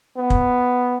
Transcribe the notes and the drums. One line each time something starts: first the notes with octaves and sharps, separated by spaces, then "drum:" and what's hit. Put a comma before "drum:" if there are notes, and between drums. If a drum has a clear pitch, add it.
B3
drum: kick